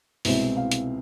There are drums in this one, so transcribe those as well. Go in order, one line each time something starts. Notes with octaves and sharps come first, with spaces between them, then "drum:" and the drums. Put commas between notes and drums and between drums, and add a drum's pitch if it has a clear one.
C2 B2 G#3 C4 E4 E5, drum: open hi-hat
F5
drum: hi-hat